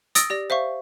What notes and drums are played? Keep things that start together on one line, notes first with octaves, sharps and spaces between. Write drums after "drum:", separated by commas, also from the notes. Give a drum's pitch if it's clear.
D#6 E6 A6 A#6 D7, drum: hi-hat
G4 D5 A#6
C5 E5 F5 C#6